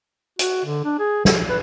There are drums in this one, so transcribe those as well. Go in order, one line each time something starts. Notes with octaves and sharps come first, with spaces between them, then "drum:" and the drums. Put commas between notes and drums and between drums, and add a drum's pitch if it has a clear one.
F#4, drum: hi-hat
D3
D4
G#4
F3, drum: snare
B4